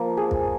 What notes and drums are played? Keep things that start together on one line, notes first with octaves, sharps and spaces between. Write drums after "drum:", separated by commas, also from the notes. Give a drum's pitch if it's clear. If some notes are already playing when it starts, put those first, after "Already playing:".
Already playing: F3 A#3
G#4
drum: kick